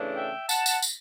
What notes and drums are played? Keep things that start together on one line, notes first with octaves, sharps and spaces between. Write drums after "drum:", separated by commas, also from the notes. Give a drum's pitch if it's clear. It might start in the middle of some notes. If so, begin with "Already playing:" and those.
Already playing: C#3 E3 A3 D4
E5 G5
F#5 A5, drum: tambourine
drum: tambourine
drum: tambourine